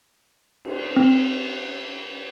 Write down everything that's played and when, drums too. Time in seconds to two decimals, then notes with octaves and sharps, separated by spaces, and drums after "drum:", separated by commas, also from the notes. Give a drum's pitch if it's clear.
0.65 drum: cymbal
0.97 C4